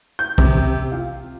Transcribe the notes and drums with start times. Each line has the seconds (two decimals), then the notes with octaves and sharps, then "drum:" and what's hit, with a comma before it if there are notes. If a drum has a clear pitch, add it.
0.19 G6
0.38 C3, drum: kick
0.92 F4